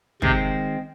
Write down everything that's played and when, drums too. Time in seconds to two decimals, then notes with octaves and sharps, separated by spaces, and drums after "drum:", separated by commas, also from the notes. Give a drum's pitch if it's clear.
0.22 C3 D#3 G#3 C4, drum: kick